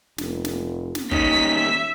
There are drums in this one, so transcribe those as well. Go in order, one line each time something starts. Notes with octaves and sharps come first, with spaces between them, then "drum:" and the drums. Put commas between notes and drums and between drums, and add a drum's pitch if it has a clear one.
F1, drum: snare
drum: snare
drum: snare
D#2 C#4 D#4 D#5 B6, drum: kick
E5